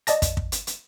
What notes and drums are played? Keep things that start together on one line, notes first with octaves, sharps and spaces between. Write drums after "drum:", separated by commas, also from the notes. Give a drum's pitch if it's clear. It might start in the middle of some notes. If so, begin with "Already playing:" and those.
D5 D#5 A5 A#6, drum: hi-hat
drum: kick, hi-hat
drum: kick
drum: hi-hat
drum: hi-hat